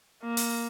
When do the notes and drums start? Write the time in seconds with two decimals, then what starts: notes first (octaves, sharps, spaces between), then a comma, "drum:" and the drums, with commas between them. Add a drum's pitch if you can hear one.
0.24 A#3
0.37 drum: open hi-hat